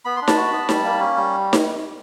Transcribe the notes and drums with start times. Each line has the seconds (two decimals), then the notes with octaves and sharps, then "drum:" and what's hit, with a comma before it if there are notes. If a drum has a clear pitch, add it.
0.05 B3 B5
0.16 C6
0.22 D4
0.28 A5 B5, drum: snare D#4
0.37 F#4
0.52 B3
0.69 G3, drum: snare D#4
0.84 A#3
1.00 C#4
1.16 G3
1.53 drum: snare D#4